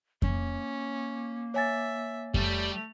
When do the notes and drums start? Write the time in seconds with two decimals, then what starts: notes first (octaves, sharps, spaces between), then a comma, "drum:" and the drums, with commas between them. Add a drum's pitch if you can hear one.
0.22 A#3 C#4, drum: kick F2
1.54 C#5 E5 G#5 A6
2.34 G3 A3, drum: kick F2